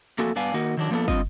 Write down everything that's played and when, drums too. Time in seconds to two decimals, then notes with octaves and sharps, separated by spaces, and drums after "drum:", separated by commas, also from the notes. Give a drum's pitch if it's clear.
0.19 F2 A3 A#3 F#4 A4 G#5
0.36 G2 B3 D4 F5 G#5
0.54 D#3 A#3 D#4 F#4, drum: hi-hat
0.77 D#3 F#3 D4
0.91 F3 A#3 B3 D4 A4
1.08 G2 E3 C4 F4 D#5, drum: kick